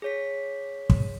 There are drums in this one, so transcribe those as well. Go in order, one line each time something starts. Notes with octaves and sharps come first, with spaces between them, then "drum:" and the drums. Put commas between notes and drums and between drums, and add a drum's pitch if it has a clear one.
G#4 C#5 B6
drum: kick